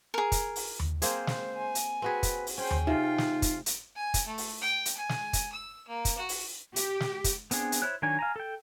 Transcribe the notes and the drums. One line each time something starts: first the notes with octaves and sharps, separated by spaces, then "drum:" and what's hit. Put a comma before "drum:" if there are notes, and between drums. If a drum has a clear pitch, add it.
G#4 A#4
drum: kick, hi-hat
drum: open hi-hat
drum: tom D#2
A#3 C4 G#4 C5, drum: hi-hat
drum: snare
G#5
drum: hi-hat
C4 F#4 G#4 B4
drum: kick, hi-hat
drum: open hi-hat
C#4 G#4 C5 G5
drum: tom D#2
C3 D#4 F4 G5
drum: snare
drum: kick, hi-hat
drum: hi-hat
G#5
drum: kick, hi-hat
A3
drum: open hi-hat
G5
drum: hi-hat
G#5
drum: snare
drum: kick, hi-hat
E6
A#3
drum: kick, hi-hat
F#4
drum: open hi-hat
G4, drum: hi-hat
drum: snare
drum: kick, hi-hat
B3 C4 D4 G#4, drum: hi-hat
drum: hi-hat
E4 C5 C#5 F#6
D#3 F#3 D4 C#5 G#5
F5 G#5 A#5
A4 G5